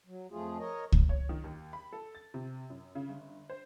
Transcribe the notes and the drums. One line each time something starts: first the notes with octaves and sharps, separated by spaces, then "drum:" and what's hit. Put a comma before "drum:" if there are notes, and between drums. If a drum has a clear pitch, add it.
F#3
F2 F3 A3 F4 G#4
A#4 C#5 D#5
drum: kick C#2
C#5
D#3
D#2
B5
A4
A6
C3
F#2
C#3
G1
C5